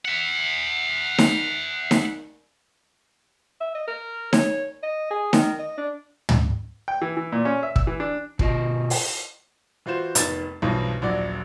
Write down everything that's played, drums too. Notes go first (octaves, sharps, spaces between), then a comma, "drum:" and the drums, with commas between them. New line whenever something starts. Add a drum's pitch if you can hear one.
E5 F#5
drum: snare D#4
drum: snare D#4
E5
D#5
A#4
C#5, drum: snare D#4
D#5
G#4
D#3, drum: snare D#4
D#5
D4
drum: tom
G5
E3
E3
A#2
C#4
E5
E6, drum: kick
E3
D4
B2 F4 D#5, drum: kick
drum: open hi-hat
E3 F4 F#4 C5 E7
F1 D#3 B3 A6, drum: hi-hat
B1 E2 G2 B2 E3 F3
D#1 A#1 F#3 D5 F#5